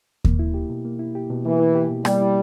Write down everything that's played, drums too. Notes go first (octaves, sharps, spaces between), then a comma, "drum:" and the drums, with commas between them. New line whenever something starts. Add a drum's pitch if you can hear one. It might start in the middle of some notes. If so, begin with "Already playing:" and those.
A#3, drum: kick D#2
E4
G4
B2
A#3
E4
G4
B2
E3 A#3
E4
G4
B2
G3 A#3, drum: rim click
E4